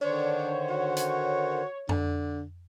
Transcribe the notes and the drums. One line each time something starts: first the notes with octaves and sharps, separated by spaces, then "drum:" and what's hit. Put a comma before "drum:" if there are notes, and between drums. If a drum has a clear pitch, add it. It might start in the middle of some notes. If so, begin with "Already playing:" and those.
D3 D#3 D4 C5 C#5
F#4
drum: hi-hat
D3, drum: tom F2